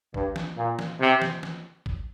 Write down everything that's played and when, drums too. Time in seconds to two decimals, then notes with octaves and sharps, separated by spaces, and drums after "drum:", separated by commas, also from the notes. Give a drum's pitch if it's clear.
0.14 G2, drum: kick
0.36 drum: snare
0.57 A#2
0.79 drum: snare
1.00 C3
1.22 drum: snare
1.43 drum: snare
1.86 drum: kick